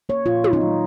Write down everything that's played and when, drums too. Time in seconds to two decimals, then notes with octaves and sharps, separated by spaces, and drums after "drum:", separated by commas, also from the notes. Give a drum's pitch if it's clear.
0.09 A#3 C#5
0.26 A#2 F4
0.44 F#3, drum: tom
0.53 D#4
0.61 F#3